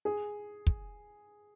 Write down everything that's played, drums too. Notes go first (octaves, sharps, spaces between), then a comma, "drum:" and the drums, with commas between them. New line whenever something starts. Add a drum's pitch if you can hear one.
G#4
drum: kick